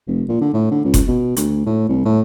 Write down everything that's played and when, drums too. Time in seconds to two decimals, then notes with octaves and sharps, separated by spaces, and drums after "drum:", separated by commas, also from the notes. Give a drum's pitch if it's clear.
0.07 F1
0.29 A#2
0.41 D3
0.53 A2
0.71 D3
0.84 C#2
0.94 drum: kick F#1, hi-hat
1.07 B2
1.36 D2, drum: hi-hat
1.66 A2
1.88 C2
2.05 A2